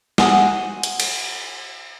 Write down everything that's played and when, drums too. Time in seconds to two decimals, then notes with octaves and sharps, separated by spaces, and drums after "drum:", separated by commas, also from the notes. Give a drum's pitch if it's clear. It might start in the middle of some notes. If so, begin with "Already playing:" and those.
0.18 F#4 G#4 C5 F#5, drum: snare
0.83 drum: hi-hat
1.00 drum: cymbal